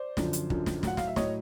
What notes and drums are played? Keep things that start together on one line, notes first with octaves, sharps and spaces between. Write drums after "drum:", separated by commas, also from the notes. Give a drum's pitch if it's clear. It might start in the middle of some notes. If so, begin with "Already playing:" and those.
Already playing: C5 D5
F#2 D3 F3, drum: snare
drum: hi-hat
F#2 D3 F3, drum: kick
drum: snare
A2 F#3 F#5, drum: snare
F5, drum: snare
E5
A2 F#3 C#5 D#5, drum: snare